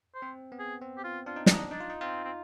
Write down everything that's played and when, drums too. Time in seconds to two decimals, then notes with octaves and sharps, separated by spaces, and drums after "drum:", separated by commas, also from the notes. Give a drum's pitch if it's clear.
0.15 C5
0.22 C4
0.52 B3
0.59 G#4
0.82 C4
0.97 G4
1.04 F4
1.26 D4 F4
1.36 D#4
1.46 D4 D#4, drum: snare
1.71 D4 D#4
1.80 F4
1.90 D#4
2.01 C4 F4
2.24 C4